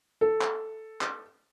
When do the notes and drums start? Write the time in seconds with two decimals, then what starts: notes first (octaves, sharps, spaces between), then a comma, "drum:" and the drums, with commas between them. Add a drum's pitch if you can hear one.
0.21 A4
0.41 drum: clap
1.01 drum: clap